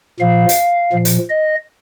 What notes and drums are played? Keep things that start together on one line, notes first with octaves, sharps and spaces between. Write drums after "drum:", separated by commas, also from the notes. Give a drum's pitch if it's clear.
A#2 F3 F5
drum: hi-hat
A#2 F3
drum: hi-hat
D#5